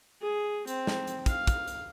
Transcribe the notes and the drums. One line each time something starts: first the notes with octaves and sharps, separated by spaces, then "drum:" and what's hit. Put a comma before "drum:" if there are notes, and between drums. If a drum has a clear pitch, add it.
G#4
C4, drum: hi-hat
drum: snare
drum: hi-hat
F5, drum: kick, hi-hat
drum: kick, hi-hat
drum: hi-hat